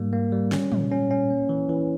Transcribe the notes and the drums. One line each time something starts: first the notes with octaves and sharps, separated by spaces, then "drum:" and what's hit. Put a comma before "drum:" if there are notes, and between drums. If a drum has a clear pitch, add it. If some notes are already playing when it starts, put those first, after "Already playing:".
Already playing: G#2 G3 A#3
A#3
G3
C#4, drum: snare
A#2, drum: tom
C#4
C#4
A#3
E3
E3